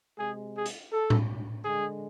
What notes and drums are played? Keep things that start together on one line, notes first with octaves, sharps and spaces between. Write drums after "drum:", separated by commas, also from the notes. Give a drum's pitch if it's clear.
C3 G#3 G#4
G#4
drum: hi-hat
A4
drum: tom A2
D3 G#3 G#4